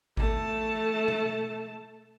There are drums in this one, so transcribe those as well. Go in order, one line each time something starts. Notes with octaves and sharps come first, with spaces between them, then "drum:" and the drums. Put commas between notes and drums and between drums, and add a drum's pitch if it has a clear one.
A3 A5, drum: kick G#1
drum: tom B2